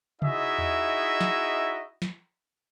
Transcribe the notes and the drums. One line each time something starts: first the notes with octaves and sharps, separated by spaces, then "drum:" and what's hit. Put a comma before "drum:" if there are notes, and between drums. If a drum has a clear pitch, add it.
D#4 E4 F#4 G#4 D#5 E5, drum: tom C3
drum: tom E2
drum: snare
drum: snare